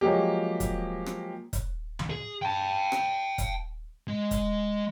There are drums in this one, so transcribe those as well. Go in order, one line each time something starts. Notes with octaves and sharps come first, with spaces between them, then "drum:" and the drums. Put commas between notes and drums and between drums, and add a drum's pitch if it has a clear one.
F3 F#3 G#3 A#3 G4
drum: kick, hi-hat
drum: rim click
drum: kick, hi-hat
drum: tom D2
G#4
G5 A5
drum: rim click
drum: kick, hi-hat
G#3
drum: kick, hi-hat